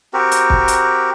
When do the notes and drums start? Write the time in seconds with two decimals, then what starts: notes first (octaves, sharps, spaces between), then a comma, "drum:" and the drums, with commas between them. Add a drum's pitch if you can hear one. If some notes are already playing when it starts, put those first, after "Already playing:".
0.13 C4 F#4 G4 A#4
0.32 drum: hi-hat
0.50 drum: kick
0.68 drum: hi-hat